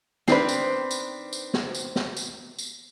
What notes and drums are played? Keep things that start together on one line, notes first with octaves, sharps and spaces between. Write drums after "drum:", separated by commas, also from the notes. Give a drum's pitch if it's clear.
D#3 C4 D4 B4, drum: snare
drum: tambourine
drum: tambourine
drum: tambourine
drum: snare
drum: tambourine
drum: snare
drum: tambourine
drum: tambourine